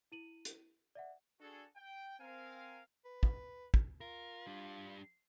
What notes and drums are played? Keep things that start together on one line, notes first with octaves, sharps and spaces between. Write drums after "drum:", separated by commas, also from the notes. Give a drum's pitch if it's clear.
E4 D#7 F#7
drum: hi-hat
D5 E5 F#5
D4 F#4 G#4 A4
G5
C4 A#4 F5 G#5
B4
drum: kick
drum: kick
F4 A#4
G3 D4